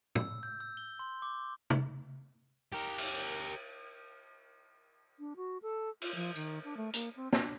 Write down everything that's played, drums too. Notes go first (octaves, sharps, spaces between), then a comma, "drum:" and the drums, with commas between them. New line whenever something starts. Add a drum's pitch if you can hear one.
E6, drum: tom A2
G6
E6
G7
C6
D6
drum: tom
G4 A#4
drum: cymbal
D4
F#4
A4
F4, drum: cymbal
F3
D#3, drum: tambourine
D4
A3
A#3, drum: hi-hat
C4
D4, drum: snare